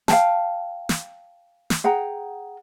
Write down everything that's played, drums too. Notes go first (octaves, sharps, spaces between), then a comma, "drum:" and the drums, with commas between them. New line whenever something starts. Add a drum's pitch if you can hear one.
F5 G5 A5, drum: snare
drum: snare
drum: snare
G#4 F#5 G5 A#5